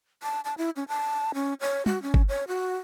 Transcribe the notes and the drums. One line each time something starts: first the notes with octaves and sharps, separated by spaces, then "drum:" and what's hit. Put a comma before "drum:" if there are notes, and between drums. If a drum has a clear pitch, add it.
A5
A5
E4
C#4
A5
C#4
C#5
F#4, drum: tom
C#4
drum: kick G1
C#5
F#4